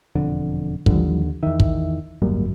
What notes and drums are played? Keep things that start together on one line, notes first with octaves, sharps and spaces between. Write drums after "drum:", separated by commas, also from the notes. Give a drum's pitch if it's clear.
E1 F2 D3
D#2 D3 E3 F3 G3, drum: kick
E2 D#3 E5
drum: kick
D1 G#1 F#2 G3 A#3